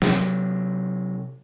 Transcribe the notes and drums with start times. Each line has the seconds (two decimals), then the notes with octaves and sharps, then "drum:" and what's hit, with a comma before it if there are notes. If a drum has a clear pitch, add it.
0.02 C3 F#3, drum: snare